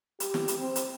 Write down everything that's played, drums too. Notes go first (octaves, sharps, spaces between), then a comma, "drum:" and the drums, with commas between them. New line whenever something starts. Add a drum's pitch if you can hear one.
G4, drum: hi-hat
drum: snare
drum: hi-hat
C4
drum: hi-hat